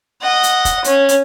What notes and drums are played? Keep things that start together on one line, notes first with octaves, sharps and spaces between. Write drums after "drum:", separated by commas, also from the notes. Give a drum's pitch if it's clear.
D#5 F#5
drum: hi-hat
drum: kick, hi-hat
C#4, drum: hi-hat
drum: hi-hat